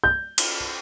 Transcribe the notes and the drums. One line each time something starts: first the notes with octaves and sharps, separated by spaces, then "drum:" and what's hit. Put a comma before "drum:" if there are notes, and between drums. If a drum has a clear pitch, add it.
G6
drum: cymbal